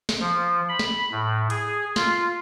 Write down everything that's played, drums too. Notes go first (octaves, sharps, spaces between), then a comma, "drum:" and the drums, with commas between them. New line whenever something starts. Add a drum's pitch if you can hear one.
drum: snare
F3
B5
drum: snare
A2
G#4, drum: hi-hat
F4, drum: snare